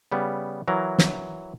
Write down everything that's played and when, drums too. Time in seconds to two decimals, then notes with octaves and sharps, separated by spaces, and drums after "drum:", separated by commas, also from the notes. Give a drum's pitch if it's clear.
0.12 C#3 G3 B3
0.68 E3 F#3 A#4
0.99 drum: snare